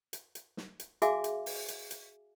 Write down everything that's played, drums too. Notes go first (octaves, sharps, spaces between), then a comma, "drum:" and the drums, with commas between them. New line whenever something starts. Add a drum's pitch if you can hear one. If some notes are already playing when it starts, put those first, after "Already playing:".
drum: hi-hat
drum: hi-hat
drum: snare
drum: hi-hat
F#4 G#4 E5 F5 G#5 D6, drum: hi-hat
drum: hi-hat
drum: open hi-hat
drum: hi-hat
drum: hi-hat